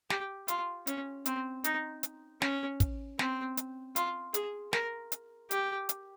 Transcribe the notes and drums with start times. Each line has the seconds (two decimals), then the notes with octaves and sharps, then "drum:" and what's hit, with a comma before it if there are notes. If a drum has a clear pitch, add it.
0.10 G4, drum: snare
0.48 F4, drum: hi-hat
0.87 C#4, drum: hi-hat
1.26 C4, drum: hi-hat
1.64 D#4, drum: hi-hat
2.03 drum: hi-hat
2.42 C#4, drum: snare
2.80 drum: kick, hi-hat
3.19 C4, drum: snare
3.57 drum: hi-hat
3.96 F4, drum: hi-hat
4.34 G#4, drum: hi-hat
4.73 A#4, drum: snare
5.12 drum: hi-hat
5.51 G4, drum: hi-hat
5.89 drum: hi-hat